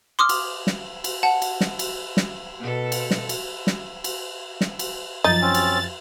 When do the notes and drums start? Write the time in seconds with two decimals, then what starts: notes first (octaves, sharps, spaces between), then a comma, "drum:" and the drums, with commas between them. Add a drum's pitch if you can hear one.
0.19 C6 D6 D#6 F6
0.29 drum: cymbal
0.67 drum: snare
1.04 drum: cymbal
1.23 F#5 A5
1.42 drum: cymbal
1.61 drum: snare
1.79 drum: cymbal
2.17 drum: snare
2.60 B2 A4
2.92 drum: cymbal
3.11 drum: snare
3.29 drum: cymbal
3.67 drum: snare
4.04 drum: cymbal
4.61 drum: snare
4.79 drum: cymbal
5.24 F#2 F3 D#4 A6
5.42 C4 C#4
5.54 drum: cymbal